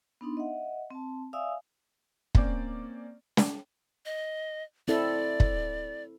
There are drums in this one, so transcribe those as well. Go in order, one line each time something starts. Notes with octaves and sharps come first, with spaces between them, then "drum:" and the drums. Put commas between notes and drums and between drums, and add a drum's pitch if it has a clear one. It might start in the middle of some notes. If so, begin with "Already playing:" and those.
B3 D4 D#4 C6
D#5 E5 F#5
C4 A5
D5 E5 F5 G#5 D#6 E6
A#3 C4 C#4 D5, drum: kick
drum: snare
D#5
C4 E4 A4 D5
drum: kick